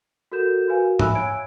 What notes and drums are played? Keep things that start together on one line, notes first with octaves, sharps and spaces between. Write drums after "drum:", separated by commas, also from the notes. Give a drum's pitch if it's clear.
F#4 A4 A#4 G6 E7
F#4 A#4 B4 F5 G#5
E5 F5 G#5 B5 E6 F#6, drum: tom G#2
C#5 G#5 E6 G#6 D7